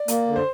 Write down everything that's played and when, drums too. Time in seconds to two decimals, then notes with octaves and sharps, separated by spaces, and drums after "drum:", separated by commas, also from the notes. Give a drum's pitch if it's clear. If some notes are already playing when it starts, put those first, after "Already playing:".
Already playing: D5
0.08 A#3, drum: hi-hat
0.27 D3
0.36 C5